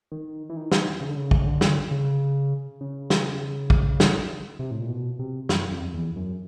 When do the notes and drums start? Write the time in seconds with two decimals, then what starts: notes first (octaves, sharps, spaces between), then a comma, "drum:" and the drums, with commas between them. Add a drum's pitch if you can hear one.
0.12 D#3
0.50 E3
0.57 D#3
0.72 drum: snare
1.01 C#3
1.09 D3
1.16 C#3
1.31 drum: kick
1.41 C#3
1.46 D3
1.61 drum: snare
1.91 C#3
2.81 C#3
3.10 drum: snare
3.70 drum: kick
4.00 drum: snare
4.59 C3
4.71 A2
4.80 A#2
4.89 B2
5.19 C3
5.49 F#2, drum: snare
5.71 F2
5.94 E2
6.16 F#2